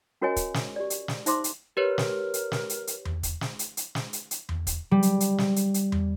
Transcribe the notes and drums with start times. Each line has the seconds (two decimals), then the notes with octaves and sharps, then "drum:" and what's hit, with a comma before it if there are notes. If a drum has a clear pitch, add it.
0.22 C#4 F#4 A#4 C#5 D#5 G#5
0.36 drum: kick, hi-hat
0.54 drum: snare
0.76 G4 D5
0.90 drum: hi-hat
1.08 drum: snare
1.26 D#4 C5 E5 C6 D6, drum: hi-hat
1.44 drum: hi-hat
1.77 G4 A#4 B4 C#5
1.98 drum: snare
2.34 drum: hi-hat
2.52 drum: snare
2.69 drum: hi-hat
2.87 drum: hi-hat
3.05 drum: tom E2
3.23 drum: kick, hi-hat
3.41 drum: snare
3.59 drum: hi-hat
3.77 drum: hi-hat
3.95 drum: snare
4.13 drum: hi-hat
4.31 drum: hi-hat
4.49 drum: tom E2
4.67 drum: kick, hi-hat
4.91 G3
5.03 drum: hi-hat
5.20 drum: hi-hat
5.38 drum: snare
5.56 drum: hi-hat
5.74 drum: hi-hat
5.92 drum: tom E2